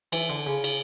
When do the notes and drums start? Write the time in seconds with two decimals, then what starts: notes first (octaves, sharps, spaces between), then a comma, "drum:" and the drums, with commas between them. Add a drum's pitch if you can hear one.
0.12 E3, drum: cymbal
0.29 D3
0.46 C#3
0.64 drum: cymbal